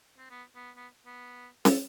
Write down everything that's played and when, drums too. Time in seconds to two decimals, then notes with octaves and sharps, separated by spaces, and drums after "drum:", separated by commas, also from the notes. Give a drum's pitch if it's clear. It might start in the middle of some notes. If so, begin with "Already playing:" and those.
0.18 C4
0.30 B3
0.55 B3
0.77 B3
1.06 B3
1.65 A4, drum: snare C#4